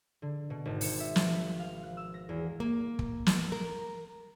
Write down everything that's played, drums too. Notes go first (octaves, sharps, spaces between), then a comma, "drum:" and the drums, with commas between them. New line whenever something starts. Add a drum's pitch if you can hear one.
D3
B2
G#1
C#7, drum: open hi-hat
E5
F3, drum: snare
B4
F5
F#6
E6
A#6
E2
A#3
drum: kick
drum: snare
A#4